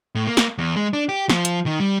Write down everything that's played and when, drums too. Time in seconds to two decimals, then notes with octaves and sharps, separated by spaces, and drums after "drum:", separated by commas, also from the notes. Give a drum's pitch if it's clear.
0.15 A2
0.27 A#3
0.37 drum: snare
0.58 E2
0.76 G#3
0.93 D4
1.09 G4
1.29 F3, drum: snare
1.45 drum: hi-hat
1.66 D#3
1.80 G3